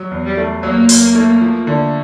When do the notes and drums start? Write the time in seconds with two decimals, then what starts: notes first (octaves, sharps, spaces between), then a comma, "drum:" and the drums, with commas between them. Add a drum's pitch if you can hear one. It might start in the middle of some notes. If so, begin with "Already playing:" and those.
Already playing: F#3
0.11 E2
0.25 G3
0.37 A3
0.63 F#3 A#3
0.89 F#3, drum: open hi-hat
1.15 A3
1.41 F3
1.67 D3